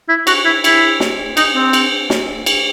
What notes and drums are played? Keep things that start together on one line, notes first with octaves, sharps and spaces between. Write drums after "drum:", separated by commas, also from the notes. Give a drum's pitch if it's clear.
E4
F#4, drum: cymbal
E4
E4, drum: cymbal
drum: snare
D#4, drum: cymbal
C4
drum: cymbal
drum: snare
drum: cymbal